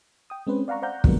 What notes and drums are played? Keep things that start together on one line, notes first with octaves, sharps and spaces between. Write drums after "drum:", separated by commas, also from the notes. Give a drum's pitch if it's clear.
G5 D#6
G#3 C4 C#4 B4 C5
D5 F5 F#5 A#5 C#6
C5 D5 F5 F#5 A#5 G6
D3 F3 F#3 G#3 A#3 B3, drum: kick